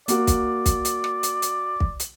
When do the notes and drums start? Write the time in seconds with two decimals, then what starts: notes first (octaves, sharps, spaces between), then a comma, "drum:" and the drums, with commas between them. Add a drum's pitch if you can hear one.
0.08 A#3 F#4 D5, drum: hi-hat
0.27 drum: kick, hi-hat
0.66 drum: kick, hi-hat
0.85 drum: hi-hat
1.04 drum: rim click
1.23 drum: hi-hat
1.42 drum: hi-hat
1.80 drum: kick
2.00 drum: hi-hat